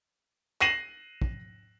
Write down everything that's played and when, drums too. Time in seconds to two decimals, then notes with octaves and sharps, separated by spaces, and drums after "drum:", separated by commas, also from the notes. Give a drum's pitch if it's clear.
0.61 A#6 C7 D#7 E7 F#7, drum: clap
1.22 drum: kick